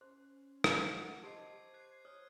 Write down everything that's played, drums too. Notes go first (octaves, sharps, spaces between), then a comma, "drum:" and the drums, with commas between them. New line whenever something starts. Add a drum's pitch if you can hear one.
C#4 C5 C6
drum: rim click
F4 A#4 F#5 C#6
G4 C5 D#5 A5 C6 D6 G#6 C7
F#6 G#6 C7
C#5 D#6 F6